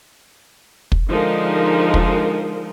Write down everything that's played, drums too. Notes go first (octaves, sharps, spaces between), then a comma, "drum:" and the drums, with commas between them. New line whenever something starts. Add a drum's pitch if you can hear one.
drum: kick
D3 F3 G#3 D#4 A#4
drum: kick